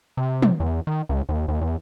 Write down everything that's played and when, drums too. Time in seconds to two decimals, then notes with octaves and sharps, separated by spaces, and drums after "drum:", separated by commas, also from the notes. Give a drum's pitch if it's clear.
0.17 C3
0.42 drum: tom
0.60 E2
0.87 D#3
1.09 C#2
1.29 D#2
1.48 D#2
1.61 E2